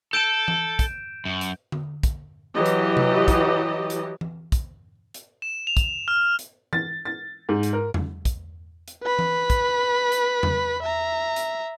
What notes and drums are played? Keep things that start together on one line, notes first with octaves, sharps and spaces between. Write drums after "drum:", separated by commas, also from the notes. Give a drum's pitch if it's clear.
A4 A5 G6 D7 E7
drum: tom E3
drum: kick, hi-hat
F#2
drum: hi-hat
drum: tom D3
drum: kick, hi-hat
E3 F#3 G4 D#5
drum: hi-hat
drum: tom C3
drum: kick, hi-hat
drum: hi-hat
drum: tom E3
drum: kick, hi-hat
drum: hi-hat
E7
F7
drum: kick, hi-hat
F6
drum: hi-hat
A6, drum: tom E3
A6
G#2
drum: hi-hat
A#4
drum: tom E2
drum: kick, hi-hat
drum: hi-hat
B4 B5
drum: tom E3
drum: kick, hi-hat
drum: hi-hat
drum: tom E2
E5 A#5
drum: hi-hat